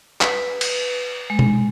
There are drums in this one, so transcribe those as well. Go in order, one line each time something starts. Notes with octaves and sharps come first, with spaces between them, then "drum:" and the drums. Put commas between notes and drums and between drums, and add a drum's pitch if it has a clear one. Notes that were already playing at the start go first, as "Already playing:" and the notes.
B4, drum: clap
drum: cymbal
G#3
drum: tom